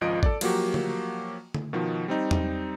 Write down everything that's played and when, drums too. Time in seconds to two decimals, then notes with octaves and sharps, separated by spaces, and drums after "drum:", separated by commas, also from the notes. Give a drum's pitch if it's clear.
0.01 G#1 C#2 F3 F4 D#5 D7
0.23 A4 D5, drum: kick
0.41 F3 F#3 A#3 F#4 G4, drum: cymbal
0.74 drum: tom D3
1.54 drum: tom D3
1.73 B2 D#3 F3
2.08 G3 C4 D#4
2.31 drum: tom E2